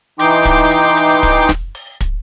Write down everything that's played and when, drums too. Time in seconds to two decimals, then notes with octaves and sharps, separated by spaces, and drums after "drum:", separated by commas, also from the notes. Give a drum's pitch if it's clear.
0.19 E3 D#4 G5 C6 D6, drum: hi-hat
0.45 drum: kick, hi-hat
0.71 drum: hi-hat
0.97 drum: hi-hat
1.23 drum: kick, hi-hat
1.49 drum: snare
1.75 drum: open hi-hat
2.01 drum: kick, hi-hat